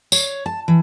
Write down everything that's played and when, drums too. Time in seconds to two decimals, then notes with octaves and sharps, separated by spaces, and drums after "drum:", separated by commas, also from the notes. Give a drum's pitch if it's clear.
0.12 C#5, drum: tambourine
0.46 A5
0.68 E3